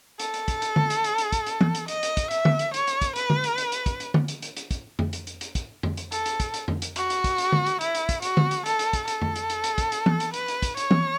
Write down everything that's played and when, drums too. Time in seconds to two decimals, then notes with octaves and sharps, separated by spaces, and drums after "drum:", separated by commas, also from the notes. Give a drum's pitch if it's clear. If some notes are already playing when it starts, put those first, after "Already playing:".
0.20 A4, drum: hi-hat
0.34 drum: hi-hat
0.48 drum: kick, hi-hat
0.62 drum: hi-hat
0.76 drum: tom D3
0.90 drum: hi-hat
1.04 drum: hi-hat
1.18 drum: hi-hat
1.32 drum: kick, hi-hat
1.47 drum: hi-hat
1.61 drum: tom E3
1.75 drum: hi-hat
1.88 D#5, drum: hi-hat
2.03 drum: hi-hat
2.17 drum: kick, hi-hat
2.31 E5, drum: hi-hat
2.45 drum: tom D3
2.59 drum: hi-hat
2.74 C#5, drum: hi-hat
2.87 drum: hi-hat
3.02 drum: kick, hi-hat
3.16 B4, drum: hi-hat
3.30 drum: tom D3
3.44 drum: hi-hat
3.58 drum: hi-hat
3.72 drum: hi-hat
3.86 drum: kick, hi-hat
4.00 drum: hi-hat
4.14 drum: tom D3
4.28 drum: hi-hat
4.42 drum: hi-hat
4.57 drum: hi-hat
4.71 drum: kick, hi-hat
4.99 drum: tom F2
5.13 drum: hi-hat
5.27 drum: hi-hat
5.41 drum: hi-hat
5.55 drum: kick, hi-hat
5.83 drum: tom F2
5.97 drum: hi-hat
6.12 A4, drum: hi-hat
6.26 drum: hi-hat
6.40 drum: kick, hi-hat
6.54 drum: hi-hat
6.68 drum: tom F2
6.82 drum: hi-hat
6.96 F#4, drum: hi-hat
7.10 drum: hi-hat
7.24 drum: kick, hi-hat
7.38 drum: hi-hat
7.52 drum: tom D3
7.67 drum: hi-hat
7.81 E4, drum: hi-hat
7.95 drum: hi-hat
8.09 drum: kick, hi-hat
8.22 F#4, drum: hi-hat
8.37 drum: tom D3
8.51 drum: hi-hat
8.66 A4, drum: hi-hat
8.79 drum: hi-hat
8.93 drum: kick, hi-hat
9.08 A4, drum: hi-hat
9.22 drum: tom F2
9.36 drum: hi-hat
9.50 drum: hi-hat
9.64 drum: hi-hat
9.78 drum: kick, hi-hat
9.92 drum: hi-hat
10.06 drum: tom E3
10.20 drum: hi-hat
10.34 B4, drum: hi-hat
10.48 drum: hi-hat
10.62 drum: kick, hi-hat
10.77 C#5, drum: hi-hat
10.91 drum: tom E3